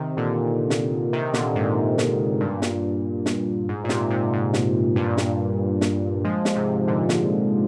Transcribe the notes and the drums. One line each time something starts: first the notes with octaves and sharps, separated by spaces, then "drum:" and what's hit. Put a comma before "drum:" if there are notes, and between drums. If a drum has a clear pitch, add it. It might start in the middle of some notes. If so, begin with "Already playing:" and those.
Already playing: C3 D#3
A#2 D3
drum: snare
C3 D#3
A#2 D3, drum: snare
G#2 C3
drum: snare
G2 A#2
drum: snare
drum: snare
G#2
A#2
G#2 C3, drum: snare
G#2 C3
G#2
drum: snare
G2 A#2
drum: snare
drum: snare
F3 G#3
drum: snare
G#2 C3
A#2 D3
drum: snare